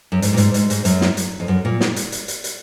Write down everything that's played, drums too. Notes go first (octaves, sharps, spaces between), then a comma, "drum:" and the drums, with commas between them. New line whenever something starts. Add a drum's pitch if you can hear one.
F#2
G#2, drum: hi-hat
A#2
G#2, drum: hi-hat
G#2, drum: hi-hat
G#2, drum: hi-hat
F#2, drum: hi-hat
drum: snare
drum: hi-hat
F2
F#2
A#2
drum: snare
drum: hi-hat
drum: hi-hat
drum: hi-hat
drum: hi-hat